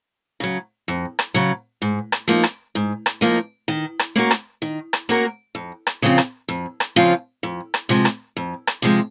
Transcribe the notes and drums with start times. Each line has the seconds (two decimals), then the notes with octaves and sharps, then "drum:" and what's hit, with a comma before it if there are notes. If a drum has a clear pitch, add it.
0.40 C#3 F#3
0.88 F2
1.19 drum: rim click
1.34 C#3 F#3
1.82 G#2
2.12 drum: rim click
2.28 F3 A#3 D#4
2.43 drum: rim click
2.75 G#2
3.06 drum: rim click
3.21 F3 A#3 D#4
3.68 D#3
3.99 drum: rim click
4.16 A#3 C#4 F#4 A#4
4.31 drum: rim click
4.62 D#3
4.93 drum: rim click
5.09 A#3 C#4 F#4 A#4
5.55 F2
5.87 drum: rim click
6.02 C#3 F3 C4 F4
6.18 drum: rim click
6.49 F2
6.80 drum: rim click
6.96 C#3 F3 C4 F4
7.43 F2
7.74 drum: rim click
7.89 C3 F3 G#3
8.05 drum: rim click
8.37 F2
8.67 drum: rim click
8.82 C3 F3 G#3